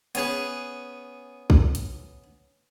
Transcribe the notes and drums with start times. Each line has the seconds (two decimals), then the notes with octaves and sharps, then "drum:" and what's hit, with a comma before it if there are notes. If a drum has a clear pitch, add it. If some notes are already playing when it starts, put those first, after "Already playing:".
0.15 B3 C#4 G#4 B4, drum: hi-hat
1.50 drum: kick
1.75 drum: hi-hat